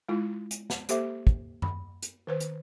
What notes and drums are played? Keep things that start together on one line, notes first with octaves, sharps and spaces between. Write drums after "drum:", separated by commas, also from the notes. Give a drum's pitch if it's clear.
G#3 E4 F4
drum: hi-hat
drum: snare
A#3 G4 A4 C5 E5 D6, drum: hi-hat
drum: kick
B5, drum: tom F#2
drum: hi-hat
D#3 B4 C5
drum: hi-hat